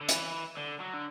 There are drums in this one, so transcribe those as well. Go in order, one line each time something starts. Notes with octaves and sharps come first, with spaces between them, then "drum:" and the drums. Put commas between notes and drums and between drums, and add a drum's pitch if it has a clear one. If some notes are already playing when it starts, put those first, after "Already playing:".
D3
E3, drum: hi-hat
D3
F#3
D3